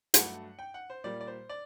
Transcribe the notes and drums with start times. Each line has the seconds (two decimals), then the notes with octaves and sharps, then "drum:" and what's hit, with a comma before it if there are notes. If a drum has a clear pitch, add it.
0.14 G2 F#3 A3 F#5, drum: hi-hat
0.59 G5
0.74 F#5
0.90 C5
1.04 A#2 G3 A#3 D5
1.21 D5
1.27 C5
1.49 D5